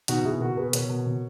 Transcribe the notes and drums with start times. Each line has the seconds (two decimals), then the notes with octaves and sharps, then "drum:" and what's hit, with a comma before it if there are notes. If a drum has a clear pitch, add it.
0.08 B2 D#4 F#4, drum: hi-hat
0.24 B2 E4 G#4
0.40 B2 F#4 A#4
0.57 B2 G#4 B4
0.73 B2 A#4 C#5, drum: hi-hat
0.90 B2
1.06 B2